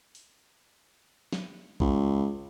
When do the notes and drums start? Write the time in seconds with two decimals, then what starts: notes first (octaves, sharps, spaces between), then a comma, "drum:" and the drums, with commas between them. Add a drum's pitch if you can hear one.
0.15 drum: open hi-hat
1.33 drum: snare
1.80 C#2, drum: kick